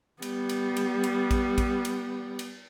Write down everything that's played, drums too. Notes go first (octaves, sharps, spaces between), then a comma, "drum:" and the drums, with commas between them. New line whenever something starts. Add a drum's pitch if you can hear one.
G3 B3, drum: cymbal
drum: cymbal
drum: cymbal
drum: cymbal
drum: kick A1, cymbal
drum: kick A1, cymbal
drum: cymbal
drum: cymbal